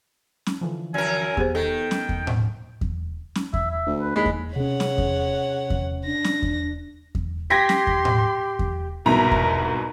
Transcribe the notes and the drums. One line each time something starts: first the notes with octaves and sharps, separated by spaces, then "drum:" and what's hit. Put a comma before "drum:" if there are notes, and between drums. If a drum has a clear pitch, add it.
drum: snare C#4
D3 E3 F3
F#2 A#4 G#5
B3 G4 G#4 C5, drum: kick E2
D#3 A4 G5
drum: snare C#4
drum: kick E2
drum: tom A2
drum: kick E2
drum: snare C#4
E5, drum: kick E2
E5
D2
B4
D#2 G#3 B5
drum: kick E2
C3 C#4 G#4 C#5 F#5
drum: snare C#4
drum: kick E2
drum: kick E2
D4 A#6
drum: snare C#4
drum: kick E2
drum: kick E2
G4 G5 C6 G#6 A#6 B6
drum: snare C#4
drum: kick E2
drum: tom A2
drum: kick E2
C2 G#2 B2 A#4 B4 E5 A#5
drum: kick E2